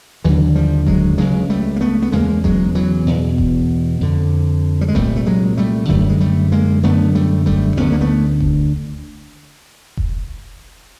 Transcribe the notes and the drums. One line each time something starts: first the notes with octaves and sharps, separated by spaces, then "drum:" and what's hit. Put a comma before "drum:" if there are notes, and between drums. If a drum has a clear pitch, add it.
D#2 D3 E3 F#3
F3 G3
F#3 G#3, drum: kick E1
C#2 C#3 F#3 G#3
G3 A3
A#3
A3 B3
B3
E2 C#3 G#3 A#3
F#3 G#3, drum: kick E1
E3 F#3
E2 B2
drum: kick E1
F2 D3
G3
G#3
C2 A#2 G3 A3, drum: kick E1
A3
F#3 G#3
G3 A3
F#2 D3 G3 A3, drum: kick E1
G#3
G3 A3
G#3 A#3
F#2 D3 A3 B3
G3 A3
G3 A3, drum: kick E1
D2 D3 B3 C#4
A#3
A3 B3
drum: kick E1
drum: kick E1